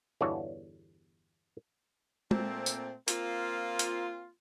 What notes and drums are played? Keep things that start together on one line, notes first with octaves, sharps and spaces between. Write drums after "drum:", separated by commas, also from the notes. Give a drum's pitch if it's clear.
G1 E2 E3 D4 F#4 C#5
A#2 A3 C4, drum: tom G#3
drum: tambourine
A#3 C4 F4, drum: hi-hat
drum: hi-hat